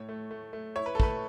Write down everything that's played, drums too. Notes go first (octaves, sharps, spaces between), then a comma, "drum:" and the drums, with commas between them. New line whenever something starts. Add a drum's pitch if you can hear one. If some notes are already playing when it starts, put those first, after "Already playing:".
Already playing: A2 C#5
A3
A3
A3
E4 C#5
B4
A4
A3 B4, drum: kick